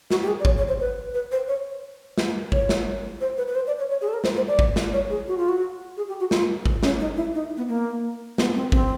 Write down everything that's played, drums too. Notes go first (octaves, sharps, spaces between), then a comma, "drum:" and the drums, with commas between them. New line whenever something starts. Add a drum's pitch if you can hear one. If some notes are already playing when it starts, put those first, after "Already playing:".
F#4, drum: snare
G4
G#4
D5
C#5, drum: kick
C#5
C5
B4
B4
C5
C#5
drum: snare
C#5, drum: kick
drum: snare
C5
B4
B4
C5
D5
C#5
C#5
G#4
A4
A#4
C5, drum: snare
C5
D5
drum: kick
drum: snare
C#5
G#4
F#4
F4
F#4
G#4
G4
F#4
F4, drum: snare
drum: kick
C#4, drum: snare
D#4
E4
D#4
B3
A#3
B3, drum: snare
C4
C4, drum: kick